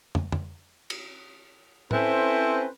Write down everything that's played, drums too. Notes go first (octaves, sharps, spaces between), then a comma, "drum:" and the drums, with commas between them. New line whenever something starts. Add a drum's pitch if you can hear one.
drum: tom
drum: tom
drum: cymbal
C4 C#4 E4 A4 B4 C5, drum: tom